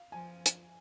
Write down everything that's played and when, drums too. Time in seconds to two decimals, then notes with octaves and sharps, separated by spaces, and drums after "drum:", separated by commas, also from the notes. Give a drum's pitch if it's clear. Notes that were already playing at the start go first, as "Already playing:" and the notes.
Already playing: F5
0.12 F3 G#5
0.46 drum: hi-hat